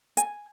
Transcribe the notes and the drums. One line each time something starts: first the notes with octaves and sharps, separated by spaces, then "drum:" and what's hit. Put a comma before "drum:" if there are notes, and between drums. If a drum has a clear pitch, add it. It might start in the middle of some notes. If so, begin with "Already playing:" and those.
G#5, drum: hi-hat